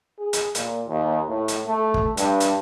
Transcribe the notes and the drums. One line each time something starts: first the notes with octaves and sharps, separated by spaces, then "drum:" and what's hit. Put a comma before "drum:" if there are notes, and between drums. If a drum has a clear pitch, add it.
G#4
drum: hi-hat
A#2, drum: hi-hat
D#2
A2
drum: hi-hat
A3
drum: kick
G2, drum: hi-hat
drum: hi-hat